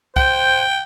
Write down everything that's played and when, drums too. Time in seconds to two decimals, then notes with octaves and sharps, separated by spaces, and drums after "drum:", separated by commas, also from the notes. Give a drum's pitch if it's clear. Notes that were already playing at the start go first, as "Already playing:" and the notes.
0.16 C5 G5, drum: kick C2